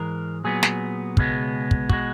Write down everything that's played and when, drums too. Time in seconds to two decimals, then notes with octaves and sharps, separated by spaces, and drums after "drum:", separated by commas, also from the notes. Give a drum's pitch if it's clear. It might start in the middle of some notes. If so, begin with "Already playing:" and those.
Already playing: G#2 E3 G#3 A#4
0.44 A#2 F#3 B3 G#4
0.63 drum: snare
1.17 C#2 B2 G#3 B3, drum: kick
1.71 drum: kick
1.89 B2 G#3 F#4, drum: kick